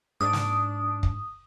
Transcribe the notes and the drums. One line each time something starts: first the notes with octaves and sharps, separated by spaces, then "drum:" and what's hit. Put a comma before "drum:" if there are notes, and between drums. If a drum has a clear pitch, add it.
G#2 D4 D#6
drum: snare
drum: kick